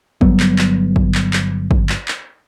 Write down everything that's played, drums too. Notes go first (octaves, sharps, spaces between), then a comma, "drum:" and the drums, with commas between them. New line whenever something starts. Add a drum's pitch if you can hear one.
G1 F#3 G3 B3, drum: kick
drum: clap
drum: clap
drum: kick
drum: clap
drum: clap
drum: kick
drum: clap
drum: clap